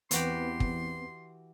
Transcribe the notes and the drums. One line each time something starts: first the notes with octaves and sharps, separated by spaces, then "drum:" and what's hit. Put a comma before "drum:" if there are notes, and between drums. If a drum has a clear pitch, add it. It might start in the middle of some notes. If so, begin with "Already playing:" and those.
E2 E3 B3 C4 F#4 G4 B4 C6, drum: hi-hat
drum: kick